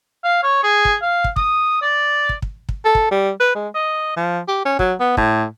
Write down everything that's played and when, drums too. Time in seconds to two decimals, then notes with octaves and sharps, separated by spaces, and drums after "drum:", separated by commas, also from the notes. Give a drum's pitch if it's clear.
0.24 F5
0.43 C#5
0.63 G#4
0.85 drum: kick
1.02 F5
1.24 drum: kick
1.36 D#6, drum: kick
1.82 D5
2.29 drum: kick
2.42 drum: kick
2.69 drum: kick
2.85 A4
2.95 drum: kick
3.11 G3
3.40 B4
3.55 G#3
3.75 D#5
4.17 F3
4.48 G4
4.65 C#4
4.79 F#3, drum: kick
5.00 B3
5.17 A2, drum: kick